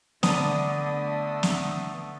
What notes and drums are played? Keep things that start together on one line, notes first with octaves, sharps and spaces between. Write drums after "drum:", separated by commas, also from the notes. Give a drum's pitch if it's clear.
D3 A3 B3 D4 D#6, drum: snare
drum: snare